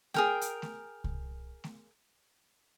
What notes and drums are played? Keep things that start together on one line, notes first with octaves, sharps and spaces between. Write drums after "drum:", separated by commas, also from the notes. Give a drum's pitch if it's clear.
G#4 A#4 G5, drum: snare A3
drum: hi-hat
drum: snare A3
drum: kick C2
drum: snare A3